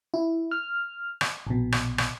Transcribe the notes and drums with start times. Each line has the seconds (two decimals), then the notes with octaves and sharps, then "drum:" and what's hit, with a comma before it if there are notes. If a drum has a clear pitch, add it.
0.14 E4
0.51 F6
1.21 drum: rim click
1.47 A#1 B2
1.72 drum: rim click
1.98 drum: rim click